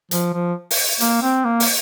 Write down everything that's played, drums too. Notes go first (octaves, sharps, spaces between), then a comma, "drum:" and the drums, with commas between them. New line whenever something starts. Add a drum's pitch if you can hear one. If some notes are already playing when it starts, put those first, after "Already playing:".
F3, drum: hi-hat
F3
drum: open hi-hat
A#3, drum: hi-hat
C4
A#3
drum: open hi-hat